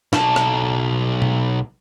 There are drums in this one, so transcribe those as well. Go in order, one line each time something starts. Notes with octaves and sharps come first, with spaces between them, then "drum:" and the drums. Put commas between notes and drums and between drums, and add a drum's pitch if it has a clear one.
B1 A5, drum: snare
drum: rim click
drum: tom B2